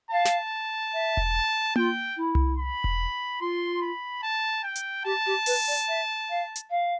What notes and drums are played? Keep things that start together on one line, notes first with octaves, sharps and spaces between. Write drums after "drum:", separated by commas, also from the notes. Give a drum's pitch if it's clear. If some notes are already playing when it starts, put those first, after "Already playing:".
F5 A5
drum: snare
E5
drum: kick E1
F4 G5, drum: tom A#3
E4
drum: tom C2
B5
drum: kick E1
F4 C6
B5
A5
G5
drum: hi-hat
G4 A5
G4
B4, drum: open hi-hat
D5
E5
F5
drum: hi-hat
F5